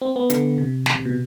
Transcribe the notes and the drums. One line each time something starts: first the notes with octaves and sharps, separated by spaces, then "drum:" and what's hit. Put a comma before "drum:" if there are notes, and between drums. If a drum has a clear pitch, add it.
C4
B3
D3, drum: hi-hat
C3
drum: snare
C3
B2